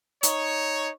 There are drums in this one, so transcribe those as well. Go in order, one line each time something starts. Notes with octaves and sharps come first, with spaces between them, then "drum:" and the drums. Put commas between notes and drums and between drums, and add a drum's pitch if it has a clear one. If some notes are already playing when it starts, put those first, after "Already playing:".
D#4 C#5, drum: hi-hat